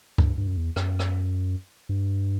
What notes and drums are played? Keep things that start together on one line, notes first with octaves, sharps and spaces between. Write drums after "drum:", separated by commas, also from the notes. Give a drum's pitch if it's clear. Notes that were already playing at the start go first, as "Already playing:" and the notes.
G2, drum: kick C#2
G2
F#2
E2
F#2, drum: rim click
drum: rim click
G2